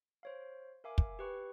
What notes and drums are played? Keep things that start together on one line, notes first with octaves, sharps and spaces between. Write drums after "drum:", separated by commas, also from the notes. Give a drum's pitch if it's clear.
C5 C#5 F5
A#4 E5 F5 G#5 D6
drum: kick
G4 B4 C#6